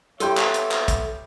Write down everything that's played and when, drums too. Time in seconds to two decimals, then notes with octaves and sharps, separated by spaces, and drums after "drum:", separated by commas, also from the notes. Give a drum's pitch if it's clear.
0.20 G3 B3 A4 C#5 E5 G5 C6, drum: hi-hat
0.37 drum: clap
0.54 drum: hi-hat
0.71 drum: clap
0.88 drum: kick, hi-hat